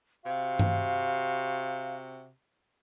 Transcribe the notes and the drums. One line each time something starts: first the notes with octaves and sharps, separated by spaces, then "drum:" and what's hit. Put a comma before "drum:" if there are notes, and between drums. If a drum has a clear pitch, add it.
C3 F#4 F5
drum: tom G2